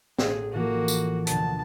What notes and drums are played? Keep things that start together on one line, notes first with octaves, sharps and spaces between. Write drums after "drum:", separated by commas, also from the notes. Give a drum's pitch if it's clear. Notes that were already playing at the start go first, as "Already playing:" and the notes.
A1 G#4, drum: snare
A2 E3 F3 A#3 F#4
drum: tambourine
D2 B2 F#3 A5, drum: hi-hat